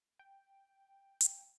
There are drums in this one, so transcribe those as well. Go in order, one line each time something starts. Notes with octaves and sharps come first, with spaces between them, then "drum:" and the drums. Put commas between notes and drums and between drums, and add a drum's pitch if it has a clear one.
G5
drum: hi-hat